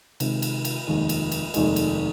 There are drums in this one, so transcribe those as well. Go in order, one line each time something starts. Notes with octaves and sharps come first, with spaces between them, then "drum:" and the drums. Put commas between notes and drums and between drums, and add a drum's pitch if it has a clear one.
C3 D#3 G#3, drum: cymbal
drum: cymbal
drum: cymbal
F1 D#2 D#3 G#3
drum: cymbal
drum: cymbal
F1 D#2 D#3 G#3, drum: cymbal
drum: cymbal